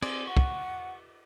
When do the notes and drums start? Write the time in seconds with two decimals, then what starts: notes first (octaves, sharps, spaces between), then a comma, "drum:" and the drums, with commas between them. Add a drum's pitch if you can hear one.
0.02 C4 G#4 D5, drum: cymbal
0.27 F#5 C#6
0.37 drum: kick